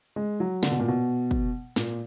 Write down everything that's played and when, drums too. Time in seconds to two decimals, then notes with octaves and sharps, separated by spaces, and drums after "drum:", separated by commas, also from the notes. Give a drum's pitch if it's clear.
0.16 G#3
0.40 F#3
0.63 D3, drum: snare
0.71 B2
0.79 A#2
0.88 B2
1.31 drum: kick
1.76 A#2, drum: snare